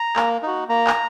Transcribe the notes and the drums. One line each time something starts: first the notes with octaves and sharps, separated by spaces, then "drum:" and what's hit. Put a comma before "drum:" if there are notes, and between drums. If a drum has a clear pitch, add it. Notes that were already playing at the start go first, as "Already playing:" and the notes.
Already playing: A#5
A#3, drum: clap
D#4 F#4
A#3 A#5
drum: clap